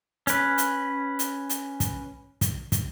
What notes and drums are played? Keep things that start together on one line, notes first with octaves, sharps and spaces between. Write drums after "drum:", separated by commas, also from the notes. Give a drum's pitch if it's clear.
C#4 B4, drum: hi-hat
drum: hi-hat
drum: hi-hat
drum: hi-hat
drum: kick, hi-hat
drum: kick, hi-hat
drum: kick, hi-hat